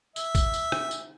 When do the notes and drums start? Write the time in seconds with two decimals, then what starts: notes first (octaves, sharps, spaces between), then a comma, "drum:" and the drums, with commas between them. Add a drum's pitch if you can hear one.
0.16 E5, drum: tambourine
0.35 drum: kick, tambourine
0.54 drum: tambourine
0.72 drum: rim click
0.91 drum: tambourine